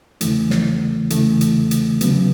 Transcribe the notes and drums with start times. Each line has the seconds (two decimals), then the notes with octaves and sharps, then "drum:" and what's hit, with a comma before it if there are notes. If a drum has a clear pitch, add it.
0.21 E2 C#3 E3 A3, drum: hi-hat
0.50 drum: snare
1.10 E2 C#3 E3 A3, drum: hi-hat
1.41 drum: hi-hat
1.71 drum: hi-hat
2.01 C#3 F#3 B3, drum: hi-hat